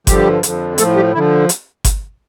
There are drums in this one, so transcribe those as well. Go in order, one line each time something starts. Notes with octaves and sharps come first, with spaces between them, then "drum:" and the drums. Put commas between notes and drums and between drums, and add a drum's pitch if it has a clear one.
G2 D3 F3 G3 G4, drum: kick G1, hi-hat
F2 D3 F3, drum: hi-hat
A2 F3 A3 A4, drum: hi-hat
G3 G4
D3 F3 E4
drum: hi-hat
drum: kick G1, hi-hat